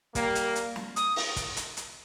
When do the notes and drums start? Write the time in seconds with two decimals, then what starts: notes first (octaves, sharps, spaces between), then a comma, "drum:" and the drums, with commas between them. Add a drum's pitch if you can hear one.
0.15 G3 A#3, drum: kick, hi-hat
0.35 drum: hi-hat
0.56 drum: hi-hat
0.76 drum: snare
0.96 D#6, drum: hi-hat
1.16 drum: open hi-hat
1.36 drum: kick, hi-hat
1.57 drum: hi-hat
1.77 drum: hi-hat